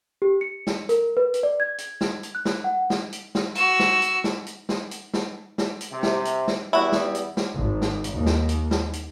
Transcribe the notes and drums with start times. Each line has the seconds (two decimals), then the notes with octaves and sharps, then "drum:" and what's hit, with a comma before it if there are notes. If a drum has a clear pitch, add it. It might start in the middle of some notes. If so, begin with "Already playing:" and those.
0.22 G4
0.41 C#7
0.67 drum: snare
0.89 A#4, drum: hi-hat
1.17 B4
1.34 drum: hi-hat
1.43 D5
1.60 G#6
1.78 drum: hi-hat
2.01 drum: snare
2.23 drum: hi-hat
2.35 F#6
2.45 drum: snare
2.64 F#5
2.90 drum: snare
3.12 drum: hi-hat
3.35 drum: snare
3.55 F#4 E6, drum: hi-hat
3.79 drum: snare
4.02 drum: hi-hat
4.24 drum: snare
4.47 drum: hi-hat
4.69 drum: snare
4.91 drum: hi-hat
5.14 drum: snare
5.58 drum: snare
5.81 drum: hi-hat
5.92 C3
6.03 drum: snare
6.25 drum: hi-hat
6.48 drum: snare
6.73 E2 G3 B3 E4 F#4
6.92 drum: snare
7.15 drum: hi-hat
7.37 drum: snare
7.57 G#1
7.82 drum: snare
8.04 drum: hi-hat
8.14 D#2
8.26 drum: snare
8.49 drum: hi-hat
8.71 drum: snare
8.93 drum: hi-hat